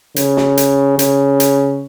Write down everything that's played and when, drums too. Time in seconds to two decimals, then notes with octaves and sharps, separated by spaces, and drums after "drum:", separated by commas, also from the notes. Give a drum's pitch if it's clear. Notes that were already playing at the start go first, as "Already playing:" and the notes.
0.16 C#3, drum: hi-hat
0.37 drum: snare
0.57 drum: hi-hat
0.99 C#3, drum: hi-hat
1.40 drum: hi-hat